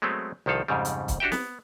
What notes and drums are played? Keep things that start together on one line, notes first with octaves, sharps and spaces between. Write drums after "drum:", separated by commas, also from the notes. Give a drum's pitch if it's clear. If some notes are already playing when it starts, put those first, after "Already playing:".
F#3 G#3 A3 B3 C4
C2 D#3 F3 A4 F5
F2 G#2 C#3 G3
drum: hi-hat
drum: kick, hi-hat
D4 F#4 G4 E5 G5
B3, drum: snare